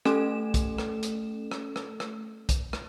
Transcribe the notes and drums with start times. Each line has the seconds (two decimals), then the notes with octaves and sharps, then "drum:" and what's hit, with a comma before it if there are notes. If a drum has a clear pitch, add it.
0.05 A3 C#4 A4 E7, drum: rim click
0.54 drum: kick, hi-hat
0.78 drum: rim click
1.03 drum: hi-hat
1.51 drum: rim click
1.76 drum: rim click
2.00 drum: rim click
2.49 drum: kick, hi-hat
2.73 drum: rim click